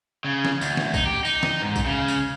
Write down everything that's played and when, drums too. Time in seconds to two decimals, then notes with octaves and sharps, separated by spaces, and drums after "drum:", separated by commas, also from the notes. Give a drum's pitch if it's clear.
0.25 C#3
0.45 drum: snare
0.61 D2, drum: tambourine
0.77 drum: snare
0.94 D#4, drum: kick A#1, tambourine
1.06 G4
1.25 D#4, drum: tambourine
1.43 drum: snare
1.62 G#2
1.76 drum: kick A#1, tambourine
1.86 C#3
2.08 drum: tambourine